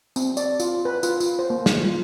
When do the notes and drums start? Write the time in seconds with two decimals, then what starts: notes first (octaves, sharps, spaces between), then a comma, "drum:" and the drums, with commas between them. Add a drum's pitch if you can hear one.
0.16 C4, drum: tambourine
0.37 D5, drum: tambourine
0.60 F4, drum: tambourine
0.85 B4
1.03 F4, drum: tambourine
1.20 F4, drum: tambourine
1.39 C5
1.50 A#3
1.66 drum: snare
1.80 F4